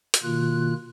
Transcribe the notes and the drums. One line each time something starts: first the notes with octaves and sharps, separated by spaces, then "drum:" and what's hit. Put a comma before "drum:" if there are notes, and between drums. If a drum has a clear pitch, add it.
drum: hi-hat
B2 D#3 A#3 F4 F#6